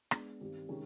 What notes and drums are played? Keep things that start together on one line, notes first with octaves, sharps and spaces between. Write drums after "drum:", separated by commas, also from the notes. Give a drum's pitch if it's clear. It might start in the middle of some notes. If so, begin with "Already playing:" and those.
G#3 B3 D4, drum: rim click
G2 D#3 G3 C4
C3 D#3 G#3 C#4